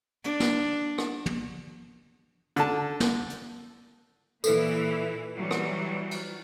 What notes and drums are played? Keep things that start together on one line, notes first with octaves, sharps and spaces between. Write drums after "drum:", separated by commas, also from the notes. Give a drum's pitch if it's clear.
D4, drum: hi-hat
drum: snare
drum: rim click
drum: tom
D3 A5, drum: hi-hat
drum: snare
drum: hi-hat
A#2 E3 E4 A4 B4, drum: tambourine
E3 F#3 G3
drum: rim click
drum: cymbal